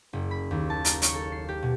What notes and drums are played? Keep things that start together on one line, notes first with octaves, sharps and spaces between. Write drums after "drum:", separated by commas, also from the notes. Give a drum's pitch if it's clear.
F#1
B5
D#2
A5
A#5, drum: hi-hat
C#5, drum: hi-hat
A4
C7
G4
B2